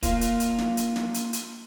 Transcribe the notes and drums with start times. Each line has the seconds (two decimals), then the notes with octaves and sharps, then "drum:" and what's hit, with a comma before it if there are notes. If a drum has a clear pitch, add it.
0.03 A#3 F4, drum: kick, hi-hat
0.21 drum: hi-hat
0.40 drum: hi-hat
0.58 drum: snare
0.77 drum: hi-hat
0.96 drum: snare
1.14 drum: hi-hat
1.33 drum: hi-hat